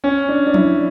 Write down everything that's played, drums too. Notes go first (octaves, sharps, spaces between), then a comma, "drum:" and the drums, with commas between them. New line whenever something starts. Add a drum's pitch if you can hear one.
C#4
D4
D4
E4, drum: tom F3